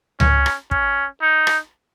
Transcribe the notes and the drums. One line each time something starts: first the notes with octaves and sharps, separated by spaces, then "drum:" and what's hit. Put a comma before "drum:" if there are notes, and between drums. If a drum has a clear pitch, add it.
C#4, drum: tom C#2
drum: rim click
C#4, drum: kick
D#4
drum: rim click